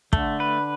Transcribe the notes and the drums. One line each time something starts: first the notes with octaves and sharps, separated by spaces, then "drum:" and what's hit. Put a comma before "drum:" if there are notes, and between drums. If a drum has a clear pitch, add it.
D3 A3, drum: kick
B4